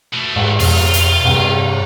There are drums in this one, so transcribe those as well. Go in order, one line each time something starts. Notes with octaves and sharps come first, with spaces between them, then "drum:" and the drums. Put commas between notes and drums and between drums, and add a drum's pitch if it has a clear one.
B2 A3
G#2, drum: cymbal
F2 B2 F4, drum: open hi-hat
drum: hi-hat
G2 C3, drum: cymbal